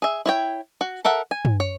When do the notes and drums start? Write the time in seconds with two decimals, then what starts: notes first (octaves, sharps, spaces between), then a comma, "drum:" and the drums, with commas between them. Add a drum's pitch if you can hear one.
0.02 G#4 E5
0.26 E4 C#5 G5
0.81 F#4
1.05 A4 A#4 E5 F#5
1.31 G#5
1.45 drum: tom
1.60 C#5